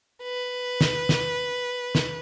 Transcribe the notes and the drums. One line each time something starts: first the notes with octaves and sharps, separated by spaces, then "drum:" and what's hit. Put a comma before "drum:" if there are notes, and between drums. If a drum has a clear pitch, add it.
B4
drum: snare
drum: snare
drum: snare